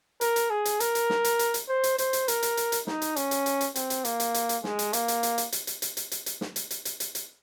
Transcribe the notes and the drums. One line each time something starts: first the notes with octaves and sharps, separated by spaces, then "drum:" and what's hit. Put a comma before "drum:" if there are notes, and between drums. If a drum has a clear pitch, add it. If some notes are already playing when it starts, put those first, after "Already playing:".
A#4, drum: hi-hat
drum: hi-hat
G#4
drum: hi-hat
A#4, drum: hi-hat
drum: hi-hat
drum: snare
drum: hi-hat
drum: hi-hat
drum: hi-hat
C5
drum: hi-hat
C5, drum: hi-hat
drum: hi-hat
A#4, drum: hi-hat
drum: hi-hat
drum: hi-hat
drum: hi-hat
D#4, drum: snare
drum: hi-hat
C#4, drum: hi-hat
drum: hi-hat
drum: hi-hat
drum: hi-hat
C4, drum: hi-hat
drum: hi-hat
A#3, drum: hi-hat
drum: hi-hat
drum: hi-hat
drum: hi-hat
G#3, drum: snare
drum: hi-hat
A#3, drum: hi-hat
drum: hi-hat
drum: hi-hat
drum: hi-hat
drum: hi-hat
drum: hi-hat
drum: hi-hat
drum: hi-hat
drum: hi-hat
drum: hi-hat
drum: snare
drum: hi-hat
drum: hi-hat
drum: hi-hat
drum: hi-hat
drum: hi-hat